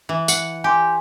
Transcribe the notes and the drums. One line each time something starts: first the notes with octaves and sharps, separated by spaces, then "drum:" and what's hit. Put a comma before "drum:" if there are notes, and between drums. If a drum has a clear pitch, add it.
E3
F#5, drum: tambourine
G4 G#5 C6